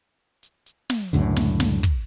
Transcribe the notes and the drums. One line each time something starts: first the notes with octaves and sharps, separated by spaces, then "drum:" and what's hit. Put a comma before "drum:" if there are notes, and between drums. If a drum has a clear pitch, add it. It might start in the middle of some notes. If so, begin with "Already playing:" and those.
drum: hi-hat
drum: hi-hat
drum: snare
C#2 F#2 A2 D3, drum: hi-hat
drum: snare
drum: snare
drum: kick, hi-hat